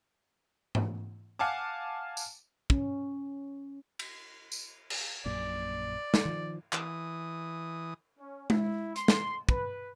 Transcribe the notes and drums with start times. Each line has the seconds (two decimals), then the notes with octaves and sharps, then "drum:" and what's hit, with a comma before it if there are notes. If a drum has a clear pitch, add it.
0.75 drum: tom G#2
1.39 F5 F#5 G#5 A5 D6
2.17 drum: tambourine
2.70 C#4, drum: kick
3.99 drum: cymbal
4.52 drum: tambourine
4.90 drum: cymbal
5.26 A#1 F#2 A#2 D5
6.14 drum: snare
6.25 D#3 F3
6.73 E3 D#6, drum: clap
8.18 C#4
8.50 E4, drum: tom G#3
8.96 C6, drum: hi-hat
9.08 drum: snare
9.49 B4, drum: kick